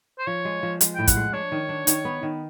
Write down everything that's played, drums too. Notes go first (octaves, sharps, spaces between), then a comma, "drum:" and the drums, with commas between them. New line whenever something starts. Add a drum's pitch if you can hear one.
C5
F3 C#5
G#3
F3
G#3, drum: hi-hat
A2 G5
F#5, drum: kick, hi-hat
G#3
D4 C#5
D#3
D4
D#3, drum: hi-hat
B3
D#3